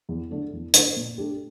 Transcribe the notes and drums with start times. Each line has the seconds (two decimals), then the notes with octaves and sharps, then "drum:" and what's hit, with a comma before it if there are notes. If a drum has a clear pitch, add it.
0.09 E2
0.31 D3 A3
0.53 E2
0.73 D3 A3, drum: hi-hat
0.96 A#2
1.18 A3 D4 G4